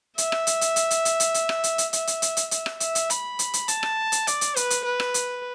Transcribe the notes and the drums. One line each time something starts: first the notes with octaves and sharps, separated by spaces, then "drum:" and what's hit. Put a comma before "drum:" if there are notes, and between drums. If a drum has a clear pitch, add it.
E5, drum: hi-hat
drum: rim click
drum: hi-hat
drum: hi-hat
drum: hi-hat
drum: hi-hat
drum: hi-hat
drum: hi-hat
drum: hi-hat
drum: rim click
drum: hi-hat
drum: hi-hat
E5, drum: hi-hat
drum: hi-hat
drum: hi-hat
drum: hi-hat
E5, drum: hi-hat
drum: rim click
E5, drum: hi-hat
drum: hi-hat
B5, drum: hi-hat
drum: hi-hat
drum: hi-hat
A5, drum: hi-hat
drum: rim click
drum: hi-hat
D5, drum: hi-hat
drum: hi-hat
B4, drum: hi-hat
drum: hi-hat
B4
drum: rim click
drum: hi-hat